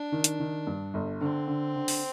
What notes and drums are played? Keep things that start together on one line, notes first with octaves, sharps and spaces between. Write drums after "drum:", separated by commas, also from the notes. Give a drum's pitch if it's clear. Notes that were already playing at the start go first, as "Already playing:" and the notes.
Already playing: D4
D#3
drum: hi-hat
D#3
G2
G1
D3 C4
D3
D3
drum: open hi-hat